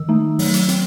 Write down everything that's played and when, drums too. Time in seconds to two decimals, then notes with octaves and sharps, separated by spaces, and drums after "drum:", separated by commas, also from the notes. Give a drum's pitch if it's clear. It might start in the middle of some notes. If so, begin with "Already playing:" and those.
Already playing: D#3 E6
0.09 A3 D#4
0.39 F#3, drum: open hi-hat
0.54 drum: hi-hat
0.69 C4, drum: hi-hat